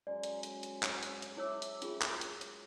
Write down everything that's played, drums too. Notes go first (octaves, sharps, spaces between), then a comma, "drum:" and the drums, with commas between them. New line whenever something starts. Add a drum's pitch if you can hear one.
F#3 G#3 C#4 D5
drum: hi-hat
drum: hi-hat
drum: hi-hat
drum: clap
drum: hi-hat
drum: hi-hat
E4 C#5 E5 D6 E6
drum: hi-hat
C#4 F4 G#4, drum: hi-hat
drum: clap
drum: hi-hat
drum: hi-hat